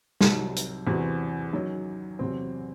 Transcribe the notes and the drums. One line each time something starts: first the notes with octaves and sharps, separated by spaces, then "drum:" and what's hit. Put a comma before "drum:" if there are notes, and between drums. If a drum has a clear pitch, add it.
C2 C3 F#3 C4 D#4, drum: snare
drum: hi-hat
E2 C3 E3 C4 F#4
D#3 F#3 C#4
E2 C3 F#3 C4